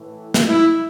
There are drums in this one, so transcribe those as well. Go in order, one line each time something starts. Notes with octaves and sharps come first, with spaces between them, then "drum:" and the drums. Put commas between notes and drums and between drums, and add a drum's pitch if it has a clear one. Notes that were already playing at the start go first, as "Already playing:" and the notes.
Already playing: A2 E3 A3
drum: snare
E4